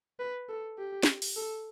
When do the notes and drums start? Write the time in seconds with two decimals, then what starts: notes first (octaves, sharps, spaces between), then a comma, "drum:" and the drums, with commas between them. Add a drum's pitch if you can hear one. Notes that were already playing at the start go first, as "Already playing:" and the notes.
0.19 B4
0.49 A4
0.78 G4
1.03 drum: snare
1.22 drum: open hi-hat
1.36 A4